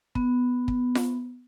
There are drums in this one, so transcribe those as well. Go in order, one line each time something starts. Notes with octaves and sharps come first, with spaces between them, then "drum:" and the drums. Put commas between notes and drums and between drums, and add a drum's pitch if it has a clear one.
B3, drum: kick
drum: kick
drum: snare F4